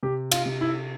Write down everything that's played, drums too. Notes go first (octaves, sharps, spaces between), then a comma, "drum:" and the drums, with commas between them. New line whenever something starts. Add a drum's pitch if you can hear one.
C3 G4
F4, drum: cymbal
C3
E4